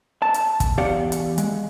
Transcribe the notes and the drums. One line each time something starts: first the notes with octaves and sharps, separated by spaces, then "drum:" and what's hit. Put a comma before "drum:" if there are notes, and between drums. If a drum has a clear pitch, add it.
A5
drum: hi-hat
drum: kick, hi-hat
E2 G4 D5 F5 F#5
drum: hi-hat
G#3, drum: hi-hat